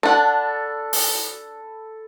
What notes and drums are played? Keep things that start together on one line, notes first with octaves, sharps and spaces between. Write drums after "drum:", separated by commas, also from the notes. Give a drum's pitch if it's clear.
D4 A4 F#5 B5
drum: open hi-hat